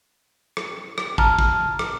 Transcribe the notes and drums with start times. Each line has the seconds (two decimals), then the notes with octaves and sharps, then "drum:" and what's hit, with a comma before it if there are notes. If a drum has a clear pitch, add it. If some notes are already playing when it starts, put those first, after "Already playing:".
0.57 drum: rim click
0.98 drum: rim click
1.18 A5 A#5 F6, drum: kick
1.39 drum: kick
1.79 drum: rim click